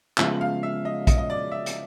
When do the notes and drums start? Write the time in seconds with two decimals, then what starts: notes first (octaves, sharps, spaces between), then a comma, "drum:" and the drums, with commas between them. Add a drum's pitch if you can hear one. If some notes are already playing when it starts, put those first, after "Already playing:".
0.18 C#3 F3 G#3 B3 E5, drum: clap
0.41 F5
0.63 E5
0.85 D#5
1.07 D#5, drum: kick A#1, hi-hat
1.18 D#5
1.30 D5
1.52 E5
1.66 drum: hi-hat